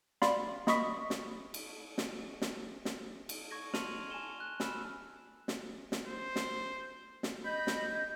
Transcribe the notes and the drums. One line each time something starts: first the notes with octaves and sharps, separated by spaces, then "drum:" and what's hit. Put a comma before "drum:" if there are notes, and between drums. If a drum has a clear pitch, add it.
D5 F5 B5 C6, drum: snare
A#3 D#5 B5 C#6 D#6 B6, drum: snare
drum: snare
drum: cymbal
drum: snare
drum: snare
drum: snare
drum: cymbal
C#6 G#6 A#6
A5 C6 F6 D#7 F7 F#7, drum: snare
G#5 A5 E7 G7
F#6
G#5 B5 E6 F6 E7, drum: snare
drum: snare
drum: snare
C5
drum: snare
drum: snare
D#5 B5 G6
drum: snare